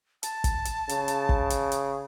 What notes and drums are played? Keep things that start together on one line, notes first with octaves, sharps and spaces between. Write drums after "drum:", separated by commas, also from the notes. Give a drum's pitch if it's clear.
A5, drum: hi-hat
drum: kick, hi-hat
drum: hi-hat
C#3, drum: hi-hat
drum: hi-hat
drum: kick
drum: hi-hat
drum: hi-hat